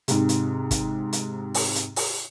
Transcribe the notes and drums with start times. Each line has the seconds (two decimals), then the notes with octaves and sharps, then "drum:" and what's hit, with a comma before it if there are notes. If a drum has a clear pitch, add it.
0.08 G#2 C3, drum: hi-hat
0.29 drum: hi-hat
0.71 drum: kick, hi-hat
1.13 drum: hi-hat
1.54 drum: open hi-hat
1.75 drum: hi-hat
1.96 drum: open hi-hat